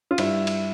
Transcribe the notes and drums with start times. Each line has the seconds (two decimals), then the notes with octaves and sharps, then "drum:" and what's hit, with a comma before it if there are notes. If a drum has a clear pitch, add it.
0.11 F4
0.18 G2 E4, drum: cymbal
0.47 drum: cymbal